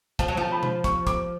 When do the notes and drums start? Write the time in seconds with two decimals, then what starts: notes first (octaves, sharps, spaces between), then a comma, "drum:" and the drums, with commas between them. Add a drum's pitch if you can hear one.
0.19 F3 A5, drum: kick, hi-hat
0.28 F#3
0.37 F3 A5
0.52 B5
0.63 drum: tom B2
0.84 C#6, drum: kick, hi-hat
1.07 D6, drum: kick, hi-hat